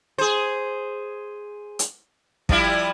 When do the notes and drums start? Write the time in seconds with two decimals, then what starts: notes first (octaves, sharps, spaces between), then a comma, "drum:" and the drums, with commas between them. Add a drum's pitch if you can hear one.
0.18 G#4 C5
1.79 drum: hi-hat
2.49 F3 G3 E4, drum: kick